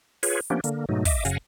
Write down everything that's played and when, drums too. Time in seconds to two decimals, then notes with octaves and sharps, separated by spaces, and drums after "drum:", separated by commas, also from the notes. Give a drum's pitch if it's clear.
0.23 F4 G#4 B4 C#5, drum: open hi-hat
0.50 F3 A#3 B3 C#4 D4 G4
0.64 D3 A#3, drum: hi-hat
0.89 G#2 B2 F#3 A3 D#4
1.05 D#5 E5 D6, drum: kick, open hi-hat
1.25 F#2 C#3 F5 F#5 G#5 A#6, drum: hi-hat